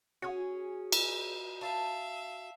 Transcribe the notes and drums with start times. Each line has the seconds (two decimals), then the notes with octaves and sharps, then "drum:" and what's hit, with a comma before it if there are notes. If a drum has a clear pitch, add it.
0.22 C#4 F#4 G#4
0.92 drum: cymbal
1.61 E5 F5 A5